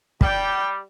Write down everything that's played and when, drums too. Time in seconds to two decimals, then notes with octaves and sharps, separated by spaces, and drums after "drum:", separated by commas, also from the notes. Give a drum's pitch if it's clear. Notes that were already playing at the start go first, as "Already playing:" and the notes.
0.21 G3 D5 G5, drum: kick